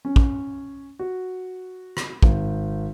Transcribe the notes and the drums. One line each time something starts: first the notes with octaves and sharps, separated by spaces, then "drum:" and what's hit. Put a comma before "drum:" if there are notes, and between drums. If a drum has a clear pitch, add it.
C#4
drum: kick
F#4
drum: rim click
G#1, drum: kick